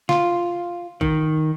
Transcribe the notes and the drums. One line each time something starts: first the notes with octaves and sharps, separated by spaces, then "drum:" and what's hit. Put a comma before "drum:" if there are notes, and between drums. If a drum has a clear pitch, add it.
F4, drum: snare
D#3, drum: kick A#1